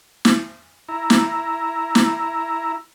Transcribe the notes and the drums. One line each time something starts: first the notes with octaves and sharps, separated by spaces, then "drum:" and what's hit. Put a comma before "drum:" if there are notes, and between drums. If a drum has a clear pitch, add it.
drum: snare
E4 A#5
drum: snare
drum: snare